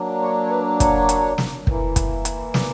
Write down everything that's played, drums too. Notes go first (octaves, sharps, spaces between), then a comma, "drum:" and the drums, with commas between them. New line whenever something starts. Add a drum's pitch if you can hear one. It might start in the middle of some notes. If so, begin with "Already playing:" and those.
Already playing: F#3 A#3 D4
C#5
C#5
B4
C#5, drum: kick, hi-hat
drum: hi-hat
drum: snare
E3 A#3 E4, drum: kick
drum: kick, hi-hat
drum: hi-hat
D5, drum: snare